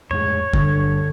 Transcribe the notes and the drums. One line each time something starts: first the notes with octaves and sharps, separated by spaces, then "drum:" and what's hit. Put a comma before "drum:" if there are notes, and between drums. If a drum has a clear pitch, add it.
F2 A2 G#3 C#5
G1 G2 D3, drum: kick G1